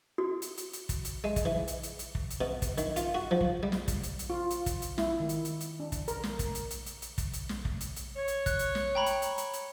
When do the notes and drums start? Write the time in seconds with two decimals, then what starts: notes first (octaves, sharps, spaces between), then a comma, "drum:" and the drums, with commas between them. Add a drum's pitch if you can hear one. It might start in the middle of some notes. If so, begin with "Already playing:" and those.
0.18 F#4
0.42 drum: hi-hat
0.58 drum: hi-hat
0.73 drum: hi-hat
0.89 drum: kick, hi-hat
1.05 drum: hi-hat
1.24 G#3
1.36 drum: kick, hi-hat
1.45 E3
1.68 drum: hi-hat
1.83 drum: hi-hat
1.99 drum: hi-hat
2.15 drum: kick
2.31 drum: hi-hat
2.41 B2
2.62 drum: kick, hi-hat
2.78 D#3, drum: hi-hat
2.96 F4, drum: hi-hat
3.15 F#4
3.31 F3
3.41 drum: kick
3.63 G3
3.72 drum: snare
3.88 drum: kick, hi-hat
4.03 drum: hi-hat
4.19 drum: hi-hat
4.30 F4
4.51 drum: hi-hat
4.66 drum: kick, hi-hat
4.82 drum: hi-hat
4.98 E4, drum: snare
5.20 D#3
5.29 drum: hi-hat
5.45 drum: hi-hat
5.61 drum: hi-hat
5.80 D4
5.92 drum: kick, hi-hat
6.08 A#4, drum: hi-hat
6.23 drum: snare
6.39 drum: kick, hi-hat
6.55 drum: hi-hat
6.71 drum: hi-hat
6.86 drum: hi-hat
7.02 drum: hi-hat
7.18 drum: kick, hi-hat
7.34 drum: hi-hat
7.49 drum: snare
7.65 drum: kick
7.81 drum: hi-hat
7.96 drum: hi-hat
8.16 C#5
8.28 drum: hi-hat
8.46 F#6, drum: kick, hi-hat
8.59 drum: hi-hat
8.75 drum: snare
8.95 G5 A#5 B5
9.06 drum: hi-hat
9.22 drum: hi-hat
9.38 drum: hi-hat
9.54 drum: hi-hat